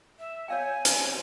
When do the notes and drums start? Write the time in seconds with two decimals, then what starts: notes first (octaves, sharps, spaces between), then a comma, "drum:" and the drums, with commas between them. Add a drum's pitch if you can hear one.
0.19 E5
0.48 C#5 F5 G5 G#5
0.85 D#4 B4, drum: hi-hat